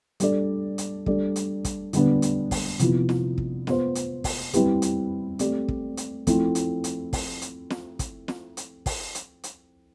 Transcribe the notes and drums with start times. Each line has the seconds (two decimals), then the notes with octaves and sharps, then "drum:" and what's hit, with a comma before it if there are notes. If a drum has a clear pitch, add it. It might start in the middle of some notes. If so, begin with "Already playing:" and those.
0.20 G3 D4 A4 D5, drum: hi-hat
0.78 drum: hi-hat
1.06 G3 D4 A4 D5, drum: kick
1.36 drum: hi-hat
1.65 drum: kick, hi-hat
1.93 D3 G3 B3 D4, drum: hi-hat
2.22 drum: hi-hat
2.51 drum: kick, open hi-hat
2.79 C3 F3 B3 E4, drum: hi-hat
3.09 drum: snare
3.38 drum: kick
3.67 B3 F4 C5, drum: snare
3.95 drum: hi-hat
4.24 drum: kick, open hi-hat
4.53 G3 C4 E4 G4 B4, drum: hi-hat
4.82 drum: hi-hat
5.39 A3 C4 G4 D5, drum: hi-hat
5.68 drum: kick
5.97 drum: hi-hat
6.27 F3 A3 C4 E4, drum: kick, hi-hat
6.55 drum: hi-hat
6.84 drum: hi-hat
7.13 drum: kick, open hi-hat
7.42 drum: hi-hat
7.70 drum: snare
7.99 drum: kick, hi-hat
8.28 drum: snare
8.57 drum: hi-hat
8.86 drum: kick, open hi-hat
9.15 drum: hi-hat
9.44 drum: hi-hat